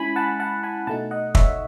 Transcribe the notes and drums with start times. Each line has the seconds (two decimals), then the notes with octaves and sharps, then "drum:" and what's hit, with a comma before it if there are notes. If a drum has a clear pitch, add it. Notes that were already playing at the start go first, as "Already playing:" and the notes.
Already playing: G#3 C#4 E4 G#5 B5
0.16 F#5 A5
0.40 F#5 A5
0.63 G#5 B5
0.87 B2 A3 D#4 F#5 A5
1.11 D#5 F#5
1.35 C#5 E5, drum: kick